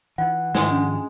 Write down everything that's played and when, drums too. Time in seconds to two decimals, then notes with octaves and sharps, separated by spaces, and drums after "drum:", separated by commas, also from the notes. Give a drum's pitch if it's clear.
0.18 E3 D#4 F4 F#5
0.55 G#2 D#3 F3 G#3 F#4 G#5, drum: snare
0.70 C#4 D4 G#5